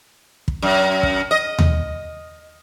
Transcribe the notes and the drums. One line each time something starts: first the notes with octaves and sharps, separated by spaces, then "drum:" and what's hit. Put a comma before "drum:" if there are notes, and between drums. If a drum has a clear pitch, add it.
drum: kick
F#2
drum: kick
D#5
drum: tom D#2